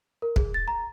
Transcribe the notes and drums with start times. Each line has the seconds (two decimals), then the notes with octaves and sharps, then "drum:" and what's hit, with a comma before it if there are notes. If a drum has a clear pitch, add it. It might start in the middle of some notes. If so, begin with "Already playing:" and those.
0.22 A#4
0.36 G#4, drum: kick
0.54 A6
0.68 A#5